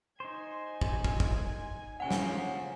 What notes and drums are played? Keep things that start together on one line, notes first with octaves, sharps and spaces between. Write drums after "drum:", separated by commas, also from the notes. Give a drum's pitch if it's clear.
D#4 C5 G#5
drum: kick
drum: kick
drum: kick
C#3 F3 A#3 C#5 F#5 G#5
drum: snare